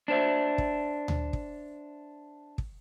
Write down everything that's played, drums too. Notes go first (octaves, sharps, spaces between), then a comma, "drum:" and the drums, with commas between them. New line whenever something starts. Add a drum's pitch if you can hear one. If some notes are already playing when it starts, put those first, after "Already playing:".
D4 C5 E5
drum: kick
drum: tom D2
drum: kick
drum: kick